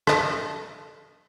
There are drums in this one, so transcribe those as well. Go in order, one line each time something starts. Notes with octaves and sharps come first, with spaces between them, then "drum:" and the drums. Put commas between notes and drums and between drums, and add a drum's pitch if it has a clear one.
A4 D#5, drum: rim click